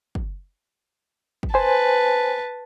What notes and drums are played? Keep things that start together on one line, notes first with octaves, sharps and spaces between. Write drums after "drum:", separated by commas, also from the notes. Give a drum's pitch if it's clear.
drum: kick
drum: kick
B4 C5 G#5 A5